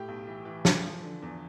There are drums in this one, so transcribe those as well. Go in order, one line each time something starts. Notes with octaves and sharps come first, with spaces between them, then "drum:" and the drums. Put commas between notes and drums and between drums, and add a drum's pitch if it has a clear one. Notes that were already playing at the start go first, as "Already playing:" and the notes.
Already playing: A2 G4 G5
B1
E3
E3
D3, drum: snare
F3
D3
E2